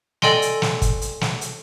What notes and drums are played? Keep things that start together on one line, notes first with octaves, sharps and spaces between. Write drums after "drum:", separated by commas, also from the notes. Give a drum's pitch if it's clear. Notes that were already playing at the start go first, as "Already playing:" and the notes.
A4 D5 D#5 G5 G#5 C6, drum: snare
drum: hi-hat
drum: snare
drum: kick, hi-hat
drum: hi-hat
drum: snare
drum: hi-hat